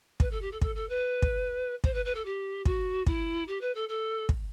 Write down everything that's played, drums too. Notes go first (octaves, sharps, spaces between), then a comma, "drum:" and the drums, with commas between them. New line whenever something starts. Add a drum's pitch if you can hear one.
B4, drum: kick
A4
G4
A4
A4, drum: kick
A4
B4
drum: kick
C5, drum: kick
B4
B4
A4
G4
F#4, drum: kick
E4, drum: kick
G4
B4
A4
A4
drum: kick